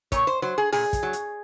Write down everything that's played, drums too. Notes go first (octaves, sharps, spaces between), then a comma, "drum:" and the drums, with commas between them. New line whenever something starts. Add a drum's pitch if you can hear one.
A#2 C#5, drum: kick, hi-hat
C5
F#3 C5
G#4
A#2 G#4, drum: open hi-hat
drum: kick, hi-hat
F#3
drum: hi-hat